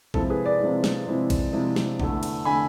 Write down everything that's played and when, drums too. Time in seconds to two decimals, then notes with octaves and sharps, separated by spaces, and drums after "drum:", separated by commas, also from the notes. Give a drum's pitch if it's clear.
0.14 C3 F3 G#3 C4 E4 A4, drum: kick A1
0.30 G#4 B4
0.45 B4 D5
0.61 C3 F3 G#3 C4 E4
0.84 drum: snare
1.07 C3 F3 G#3 C4 E4
1.30 drum: kick A1, cymbal
1.53 C3 F3 G#3 C4 E4
1.76 drum: snare
2.00 E2 D3 A3, drum: kick A1
2.23 drum: cymbal
2.45 D3 A3 G#5 B5